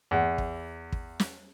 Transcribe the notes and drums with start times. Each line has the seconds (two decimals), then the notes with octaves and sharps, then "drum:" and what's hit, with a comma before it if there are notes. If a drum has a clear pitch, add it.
0.11 E2
0.38 drum: kick
0.92 drum: kick
1.20 drum: snare